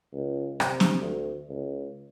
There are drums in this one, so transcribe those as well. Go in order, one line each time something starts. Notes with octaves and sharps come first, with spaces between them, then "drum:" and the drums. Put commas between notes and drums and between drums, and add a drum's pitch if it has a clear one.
C#2
C3, drum: rim click
drum: snare C4
D2
C#2